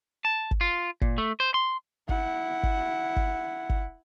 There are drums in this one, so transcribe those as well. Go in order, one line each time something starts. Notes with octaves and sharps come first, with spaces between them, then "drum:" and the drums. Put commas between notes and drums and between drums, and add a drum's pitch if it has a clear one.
A5
drum: kick G1
F4
A#2, drum: kick G1
A3
C5
C6
E4 F#5, drum: kick G1
drum: kick G1
drum: kick G1
drum: kick G1